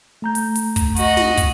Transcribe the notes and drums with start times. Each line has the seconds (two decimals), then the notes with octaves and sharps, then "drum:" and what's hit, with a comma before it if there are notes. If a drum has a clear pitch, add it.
0.22 A3 A#5 G6
0.35 drum: hi-hat
0.56 drum: hi-hat
0.76 drum: kick, hi-hat
0.96 F#4 D#5, drum: hi-hat
1.17 drum: snare
1.37 drum: kick, hi-hat